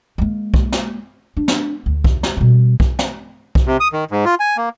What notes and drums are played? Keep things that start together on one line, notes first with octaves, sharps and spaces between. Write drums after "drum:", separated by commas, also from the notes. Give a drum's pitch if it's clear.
G#3 A#3
drum: kick B1
drum: snare
D4
drum: snare
D2
drum: kick B1
drum: snare
B2 G3
drum: kick B1
drum: snare
drum: kick B1
C3
D#6
D#3
G#2
F4
G#5
A#3